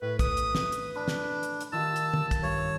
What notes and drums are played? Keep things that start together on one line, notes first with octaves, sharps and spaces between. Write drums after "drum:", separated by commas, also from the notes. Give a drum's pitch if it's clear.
A2 B4
B4 D#6, drum: kick, hi-hat
drum: hi-hat
drum: snare
drum: hi-hat
D4 B5
drum: snare
drum: hi-hat
drum: hi-hat
D#3 F4 G4 A5 E6
drum: hi-hat
drum: tom
drum: kick, hi-hat
G2 C#5